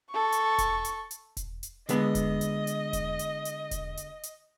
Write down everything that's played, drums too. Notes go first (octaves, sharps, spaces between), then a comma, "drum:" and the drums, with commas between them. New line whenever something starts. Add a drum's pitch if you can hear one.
A4 C#6
drum: hi-hat
drum: kick E1, hi-hat
drum: hi-hat
drum: hi-hat
drum: kick E1, hi-hat
drum: hi-hat
D3 G#3 B3 D#5, drum: hi-hat
drum: kick E1, hi-hat
drum: hi-hat
drum: hi-hat
drum: kick E1, hi-hat
drum: hi-hat
drum: hi-hat
drum: kick E1, hi-hat
drum: hi-hat
drum: hi-hat